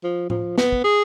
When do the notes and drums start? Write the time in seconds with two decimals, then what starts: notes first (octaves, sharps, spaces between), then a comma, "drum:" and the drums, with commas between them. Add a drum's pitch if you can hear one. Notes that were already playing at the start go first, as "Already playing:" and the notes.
0.03 F3
0.30 F3, drum: tom A2
0.58 B3, drum: snare
0.72 drum: kick
0.84 G#4